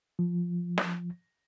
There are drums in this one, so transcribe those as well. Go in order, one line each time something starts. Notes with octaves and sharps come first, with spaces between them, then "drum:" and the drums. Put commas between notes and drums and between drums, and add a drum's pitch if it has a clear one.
F3
drum: snare